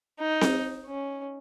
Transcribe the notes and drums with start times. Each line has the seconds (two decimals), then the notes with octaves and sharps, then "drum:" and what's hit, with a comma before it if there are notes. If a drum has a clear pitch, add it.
0.19 D#4
0.41 drum: snare C4
0.87 C#4